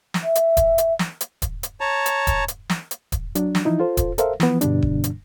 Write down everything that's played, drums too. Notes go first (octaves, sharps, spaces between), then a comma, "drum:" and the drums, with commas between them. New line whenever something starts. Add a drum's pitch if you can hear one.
drum: snare
E5
drum: hi-hat
drum: kick D#1, hi-hat
drum: hi-hat
drum: snare
drum: hi-hat
drum: kick D#1, hi-hat
drum: hi-hat
C#5 A5 A#5
drum: hi-hat
drum: kick D#1, hi-hat
drum: hi-hat
drum: snare
drum: hi-hat
drum: kick D#1, hi-hat
F#3 D4, drum: hi-hat
drum: snare
E3 F3 D#4 E4
F4 A4 C5
drum: kick D#1, hi-hat
A4 A#4 C5 E5 F5, drum: hi-hat
E3 F3 B3, drum: snare
G2 B2 D3 G3 D4, drum: hi-hat
drum: kick D#1
drum: hi-hat